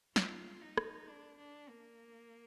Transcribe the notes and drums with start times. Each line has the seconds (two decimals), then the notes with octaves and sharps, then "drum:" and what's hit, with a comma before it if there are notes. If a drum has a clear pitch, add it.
0.16 F4, drum: snare
0.62 D#4
0.77 drum: rim click
1.08 D4
1.38 D4
1.68 A#3